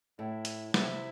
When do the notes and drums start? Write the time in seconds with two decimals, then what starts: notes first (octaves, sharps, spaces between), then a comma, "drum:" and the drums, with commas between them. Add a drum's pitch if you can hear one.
0.19 A2 E4
0.45 drum: hi-hat
0.74 C3 E4, drum: snare